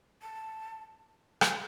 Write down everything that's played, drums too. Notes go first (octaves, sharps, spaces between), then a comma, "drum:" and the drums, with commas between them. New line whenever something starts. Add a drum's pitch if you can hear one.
A5
drum: rim click